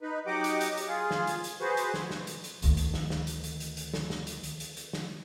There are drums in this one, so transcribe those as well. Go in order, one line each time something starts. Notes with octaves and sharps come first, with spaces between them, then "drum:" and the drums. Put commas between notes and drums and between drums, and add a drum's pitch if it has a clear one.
D#4 B4
F#3 D#4 G4 D#5 F#5 D6
drum: hi-hat
drum: hi-hat
drum: hi-hat
F4 G#4
drum: snare
drum: hi-hat
drum: hi-hat
F#4 G#4 B4 C5
drum: hi-hat
drum: snare
drum: snare
drum: hi-hat
drum: hi-hat
D2 D#3, drum: hi-hat
drum: hi-hat
drum: snare
drum: snare
drum: hi-hat
drum: hi-hat
drum: hi-hat
drum: hi-hat
drum: snare
drum: snare
drum: hi-hat
drum: hi-hat
drum: hi-hat
drum: hi-hat
drum: snare